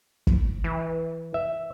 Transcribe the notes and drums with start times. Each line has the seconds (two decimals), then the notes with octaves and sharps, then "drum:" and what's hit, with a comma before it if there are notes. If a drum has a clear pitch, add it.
0.27 drum: kick
0.64 E3
1.34 E5